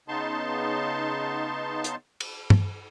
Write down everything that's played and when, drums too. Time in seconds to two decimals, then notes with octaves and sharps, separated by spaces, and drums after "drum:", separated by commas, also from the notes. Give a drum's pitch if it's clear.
0.08 C#3 B3 D#4 A5 C6
1.84 drum: hi-hat
2.20 drum: cymbal
2.50 drum: tom G2